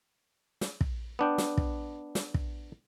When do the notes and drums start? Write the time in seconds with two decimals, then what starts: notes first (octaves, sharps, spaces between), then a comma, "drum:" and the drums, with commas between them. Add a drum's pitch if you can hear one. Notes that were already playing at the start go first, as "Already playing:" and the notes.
0.61 drum: snare
0.81 drum: kick
1.19 B3 D4 G5
1.38 drum: snare
1.57 drum: kick
2.15 drum: snare
2.34 drum: kick